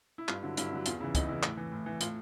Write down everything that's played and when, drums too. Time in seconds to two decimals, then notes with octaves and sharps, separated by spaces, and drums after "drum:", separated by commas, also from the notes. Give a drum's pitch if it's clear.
0.18 E4
0.28 G2 F4, drum: clap
0.43 D3 F#3 E4
0.57 G2 E4, drum: hi-hat
0.72 D3 F#3
0.86 E2 F4, drum: hi-hat
1.00 C#3 E3 E4
1.15 E2 D#4, drum: kick, hi-hat
1.28 C#3 E3 E4
1.43 A2, drum: clap
1.57 E3
1.72 A2
1.86 E3
2.01 A2 F4, drum: hi-hat